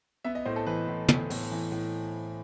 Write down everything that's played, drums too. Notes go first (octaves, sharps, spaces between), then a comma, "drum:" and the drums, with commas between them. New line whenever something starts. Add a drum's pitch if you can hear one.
B3 E5
D#5
A2 C5
A4
E3 B4
A2
B3, drum: tom
A2, drum: open hi-hat
E3
A2